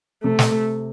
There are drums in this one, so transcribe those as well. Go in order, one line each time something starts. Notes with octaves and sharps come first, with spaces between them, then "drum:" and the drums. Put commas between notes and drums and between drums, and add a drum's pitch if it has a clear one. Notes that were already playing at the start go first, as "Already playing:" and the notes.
C3 A3
drum: snare